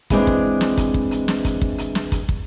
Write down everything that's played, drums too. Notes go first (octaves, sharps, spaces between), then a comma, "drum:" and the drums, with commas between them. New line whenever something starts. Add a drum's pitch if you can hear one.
E3 G#3 C4 D4 D#5, drum: kick, hi-hat
drum: kick
drum: snare
drum: kick, hi-hat
drum: kick
drum: hi-hat
drum: snare
drum: kick, hi-hat
drum: kick
drum: hi-hat
drum: snare
drum: kick, hi-hat
drum: kick